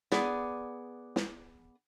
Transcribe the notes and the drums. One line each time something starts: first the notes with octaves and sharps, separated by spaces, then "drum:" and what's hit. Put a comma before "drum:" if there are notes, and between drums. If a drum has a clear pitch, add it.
B3 G#4 D5, drum: snare
drum: snare